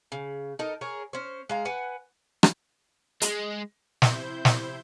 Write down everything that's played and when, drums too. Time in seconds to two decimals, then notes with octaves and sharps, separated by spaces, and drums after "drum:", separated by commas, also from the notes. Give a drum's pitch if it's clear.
0.12 C#3
0.59 D#4 A4 A#4 D#5
0.81 G#4 A#4 C#5
1.13 C#4 C5
1.49 G#3 F5 A#5
1.65 B4 F#5 G#5
2.43 drum: rim click
3.22 G#3, drum: hi-hat
4.02 C3 E4 C5 G6, drum: snare
4.45 drum: snare